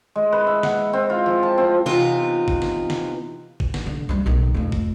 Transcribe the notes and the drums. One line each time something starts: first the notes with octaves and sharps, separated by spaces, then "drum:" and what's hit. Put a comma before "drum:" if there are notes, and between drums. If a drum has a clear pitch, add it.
G#3
B4
E5
F#5, drum: snare
C4
F4
F3
A5
C4
C3 E3 B3 D#4 F4
drum: kick
drum: snare
drum: snare
drum: kick
drum: snare
D3
F3 G3
B1 D#3
F2 A3
drum: kick